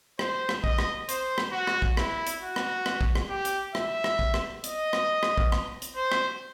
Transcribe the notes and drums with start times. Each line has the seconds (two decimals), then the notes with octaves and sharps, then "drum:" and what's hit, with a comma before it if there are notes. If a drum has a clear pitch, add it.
0.19 C5, drum: rim click
0.49 drum: rim click
0.64 D#5, drum: kick
0.79 drum: rim click
1.09 C5, drum: hi-hat
1.38 drum: rim click
1.52 F#4
1.67 drum: rim click
1.82 drum: kick
1.97 E4, drum: rim click
2.27 drum: hi-hat
2.41 F#4
2.56 drum: rim click
2.86 drum: rim click
3.01 drum: kick
3.15 drum: rim click
3.30 G4
3.45 drum: hi-hat
3.75 E5, drum: rim click
4.04 drum: rim click
4.19 drum: kick
4.34 drum: rim click
4.64 D#5, drum: hi-hat
4.93 drum: rim click
5.23 drum: rim click
5.38 drum: kick
5.52 drum: rim click
5.82 drum: hi-hat
5.96 C5
6.12 drum: rim click